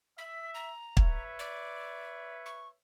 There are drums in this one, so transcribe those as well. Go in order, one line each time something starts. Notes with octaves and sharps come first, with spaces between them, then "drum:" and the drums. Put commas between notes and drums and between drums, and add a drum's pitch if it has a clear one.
E5 B6
A#5
B4 C#5 E5, drum: kick
D5
C#6